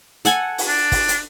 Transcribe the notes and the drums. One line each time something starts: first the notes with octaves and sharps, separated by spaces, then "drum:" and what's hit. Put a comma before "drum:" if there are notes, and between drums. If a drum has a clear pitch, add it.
A4 F#5 G#5, drum: hi-hat
drum: open hi-hat
D4
drum: kick, open hi-hat
drum: hi-hat